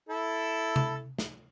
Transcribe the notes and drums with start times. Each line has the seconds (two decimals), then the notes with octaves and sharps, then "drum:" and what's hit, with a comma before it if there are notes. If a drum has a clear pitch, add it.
0.09 E4 A4
0.76 drum: tom C3
1.19 drum: snare